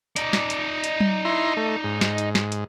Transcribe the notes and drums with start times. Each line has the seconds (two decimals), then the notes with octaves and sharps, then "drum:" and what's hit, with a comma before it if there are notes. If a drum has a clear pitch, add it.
0.16 D#4 D5, drum: hi-hat
0.33 drum: snare
0.50 drum: hi-hat
0.84 drum: hi-hat
1.00 drum: tom F#3
1.25 E4 A#5 C6
1.57 A3
1.84 G#2
2.01 drum: snare
2.18 drum: hi-hat
2.35 drum: snare
2.52 drum: hi-hat